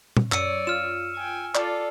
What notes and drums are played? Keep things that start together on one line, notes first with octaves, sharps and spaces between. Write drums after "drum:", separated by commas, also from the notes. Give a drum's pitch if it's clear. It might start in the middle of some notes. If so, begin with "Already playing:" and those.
drum: tom
F#2 C#5 D5 E6 C#7 D#7, drum: clap
F4 F6 E7
G5 G#5
F4 A4 D5, drum: clap